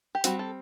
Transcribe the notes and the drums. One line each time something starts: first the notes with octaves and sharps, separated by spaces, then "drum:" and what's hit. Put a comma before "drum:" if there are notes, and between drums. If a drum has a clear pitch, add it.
G4
G3 C4 F#4, drum: hi-hat
A4